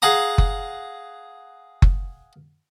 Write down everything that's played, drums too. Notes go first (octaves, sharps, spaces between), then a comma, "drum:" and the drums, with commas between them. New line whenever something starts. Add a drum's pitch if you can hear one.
G#4 F5 F#5 A#5 D#6
drum: kick F#1
drum: kick F#1